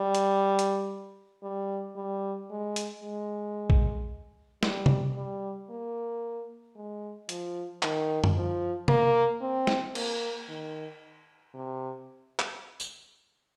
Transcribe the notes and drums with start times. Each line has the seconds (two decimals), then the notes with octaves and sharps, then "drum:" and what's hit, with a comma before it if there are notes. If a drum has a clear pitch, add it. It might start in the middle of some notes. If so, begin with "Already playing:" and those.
Already playing: G3
0.15 drum: hi-hat
0.59 drum: hi-hat
1.43 G3
1.96 G3
2.50 G#3
2.76 drum: hi-hat
3.03 G#3
3.70 drum: kick A#1
4.63 G3, drum: snare
4.86 drum: tom C3
5.16 G3
5.70 A#3
6.76 G#3
7.29 F3, drum: hi-hat
7.82 D#3, drum: clap
8.24 drum: tom F#2
8.36 F3
8.88 A#3, drum: tom C3
9.41 C4
9.67 drum: snare
9.95 A#3, drum: cymbal
10.49 D#3
11.54 C3
12.39 drum: clap
12.80 drum: tambourine